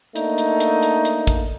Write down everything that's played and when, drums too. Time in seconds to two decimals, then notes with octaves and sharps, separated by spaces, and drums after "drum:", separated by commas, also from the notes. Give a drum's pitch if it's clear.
0.16 A3 A#3 D4 D#4, drum: hi-hat
0.38 drum: hi-hat
0.60 drum: hi-hat
0.83 drum: hi-hat
1.05 drum: hi-hat
1.27 drum: kick, hi-hat